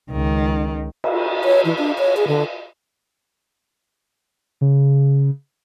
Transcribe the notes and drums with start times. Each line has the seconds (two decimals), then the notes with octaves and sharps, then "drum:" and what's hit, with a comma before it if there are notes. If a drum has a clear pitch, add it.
0.11 C#2 D#3
1.04 drum: cymbal
1.44 C#5
1.65 E3
1.78 D4
1.99 C#5
2.17 G#4
2.28 D3
4.61 C#3